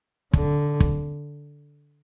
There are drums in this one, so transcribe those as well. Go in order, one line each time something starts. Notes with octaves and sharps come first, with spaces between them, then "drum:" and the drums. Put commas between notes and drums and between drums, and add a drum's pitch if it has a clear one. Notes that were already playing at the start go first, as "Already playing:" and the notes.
D3, drum: kick
drum: kick